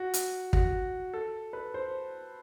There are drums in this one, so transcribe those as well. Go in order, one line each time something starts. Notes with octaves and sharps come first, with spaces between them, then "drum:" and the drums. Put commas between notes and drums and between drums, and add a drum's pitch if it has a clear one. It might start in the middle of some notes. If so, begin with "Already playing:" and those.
Already playing: F#4
drum: hi-hat
F#4, drum: kick
A4
B4
C5